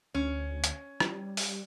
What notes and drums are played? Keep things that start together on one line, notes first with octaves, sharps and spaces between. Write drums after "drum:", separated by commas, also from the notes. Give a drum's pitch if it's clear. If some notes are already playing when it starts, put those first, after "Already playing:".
D2 C#4
drum: hi-hat
G3, drum: rim click
drum: open hi-hat